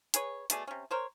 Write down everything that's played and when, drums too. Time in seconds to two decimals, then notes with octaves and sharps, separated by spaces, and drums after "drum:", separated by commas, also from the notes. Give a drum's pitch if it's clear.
0.14 G#4 B4 C#5, drum: hi-hat
0.50 B2 A3 G#4 D5, drum: hi-hat
0.67 C3 C#4
0.91 A#4 C5 C#5